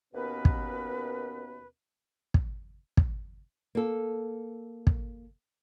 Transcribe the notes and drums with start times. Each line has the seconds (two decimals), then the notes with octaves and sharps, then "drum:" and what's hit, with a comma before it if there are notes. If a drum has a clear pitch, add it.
0.13 D#2 B2 B3 C#4 A#4 B4
0.45 drum: kick
2.34 drum: kick
2.97 drum: kick
3.75 A#3 A4
4.87 drum: kick